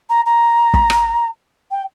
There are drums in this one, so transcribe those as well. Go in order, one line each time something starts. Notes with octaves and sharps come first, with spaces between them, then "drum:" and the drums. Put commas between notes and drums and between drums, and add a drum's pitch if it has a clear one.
A#5
A#5
drum: kick
drum: rim click
G5